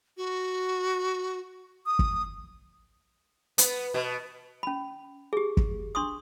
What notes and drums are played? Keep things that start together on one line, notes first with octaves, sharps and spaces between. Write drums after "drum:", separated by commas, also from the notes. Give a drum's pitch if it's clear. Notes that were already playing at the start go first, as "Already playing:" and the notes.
F#4
D#6
drum: kick
B3, drum: hi-hat
B2
C#4 B5
G4 G#4
drum: kick
D4 C6 C#6 D#6